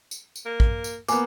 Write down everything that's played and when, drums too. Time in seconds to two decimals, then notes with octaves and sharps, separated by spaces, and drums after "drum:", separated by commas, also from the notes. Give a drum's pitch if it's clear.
0.11 drum: tambourine
0.36 drum: tambourine
0.46 A#3
0.60 drum: kick
0.84 drum: tambourine
1.08 A#3 B3 G#5 D6, drum: tambourine